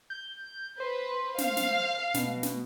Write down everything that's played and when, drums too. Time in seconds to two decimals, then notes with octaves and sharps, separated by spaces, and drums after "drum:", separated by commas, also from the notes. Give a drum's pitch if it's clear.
0.10 G6
0.80 B4 C5
1.38 F5, drum: snare
1.57 drum: snare
2.14 B2, drum: snare
2.43 drum: snare